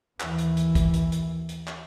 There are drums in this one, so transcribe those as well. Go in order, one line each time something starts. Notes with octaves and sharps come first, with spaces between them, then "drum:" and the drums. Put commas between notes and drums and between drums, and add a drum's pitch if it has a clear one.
D#2 E3, drum: clap
drum: hi-hat
drum: hi-hat
drum: kick, hi-hat
drum: hi-hat
drum: hi-hat
drum: hi-hat
drum: clap